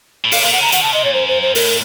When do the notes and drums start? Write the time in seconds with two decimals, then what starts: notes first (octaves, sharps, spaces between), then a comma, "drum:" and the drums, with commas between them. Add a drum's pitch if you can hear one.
0.25 A2
0.32 A#2 F5, drum: open hi-hat
0.42 A#2 F5
0.52 F#5
0.59 C#3 A#5
0.72 D#3 F#5, drum: hi-hat
0.83 C#3 A5
0.93 C3 D#5
1.04 A#2 C#5
1.14 F#2 C5
1.28 C5
1.42 C5
1.55 A2 A#4, drum: open hi-hat